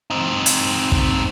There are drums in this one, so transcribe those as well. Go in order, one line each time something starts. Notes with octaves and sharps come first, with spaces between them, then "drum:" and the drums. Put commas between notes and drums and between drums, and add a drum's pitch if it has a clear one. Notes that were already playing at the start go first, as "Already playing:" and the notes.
C4 D#4
drum: hi-hat
drum: kick